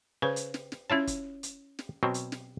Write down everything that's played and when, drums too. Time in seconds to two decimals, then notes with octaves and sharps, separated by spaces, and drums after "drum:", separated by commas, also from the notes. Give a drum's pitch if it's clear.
0.22 C#3 B4 C5
0.36 drum: hi-hat
0.54 drum: snare
0.72 drum: snare
0.90 C#4 E4 F4 C#5 A5
1.07 drum: kick, hi-hat
1.43 drum: hi-hat
1.79 drum: snare
2.03 B2 F#3 C4
2.14 drum: hi-hat
2.32 drum: snare